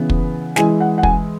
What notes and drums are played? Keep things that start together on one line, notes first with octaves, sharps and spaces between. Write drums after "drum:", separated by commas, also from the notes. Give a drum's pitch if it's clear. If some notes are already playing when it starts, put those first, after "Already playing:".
Already playing: C#3 E3 B3
drum: kick
E3 G#3 E4 G#5, drum: snare
F#5
F#5
G#5, drum: kick